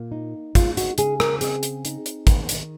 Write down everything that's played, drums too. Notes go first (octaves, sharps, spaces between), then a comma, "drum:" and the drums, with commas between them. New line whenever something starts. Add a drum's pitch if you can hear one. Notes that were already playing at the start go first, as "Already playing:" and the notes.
Already playing: A#2 A#3
D#4
G#3 F4, drum: kick, hi-hat
F#4, drum: hi-hat
C#3 G#4, drum: hi-hat
A#4, drum: rim click
C4 G#4, drum: hi-hat
drum: hi-hat
D#4, drum: hi-hat
drum: hi-hat
D#3, drum: kick, hi-hat
drum: hi-hat